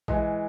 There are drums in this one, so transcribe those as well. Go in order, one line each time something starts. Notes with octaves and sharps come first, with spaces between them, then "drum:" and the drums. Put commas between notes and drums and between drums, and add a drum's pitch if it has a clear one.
E3 G#3, drum: kick A#1